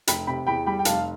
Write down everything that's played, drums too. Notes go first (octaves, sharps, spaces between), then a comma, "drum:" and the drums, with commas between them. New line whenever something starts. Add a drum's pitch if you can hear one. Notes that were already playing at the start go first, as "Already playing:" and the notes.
F1 G5 B5, drum: hi-hat
C3 G5 B5
E2 G5 B5
G3 G5 B5
G5
F1 F5 A5, drum: hi-hat